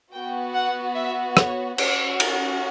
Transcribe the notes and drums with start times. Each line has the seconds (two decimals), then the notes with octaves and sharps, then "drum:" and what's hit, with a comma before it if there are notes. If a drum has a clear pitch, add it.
0.12 B3 F#4 G5
0.53 F#5
0.95 E5
1.37 C#5, drum: rim click
1.78 C#4 F#4 C#5, drum: cymbal
2.20 A#4, drum: cymbal